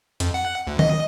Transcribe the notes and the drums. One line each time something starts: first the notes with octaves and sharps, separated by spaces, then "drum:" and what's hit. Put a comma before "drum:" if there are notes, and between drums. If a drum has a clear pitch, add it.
F2, drum: hi-hat
F#5
D2
D#5, drum: tom D#3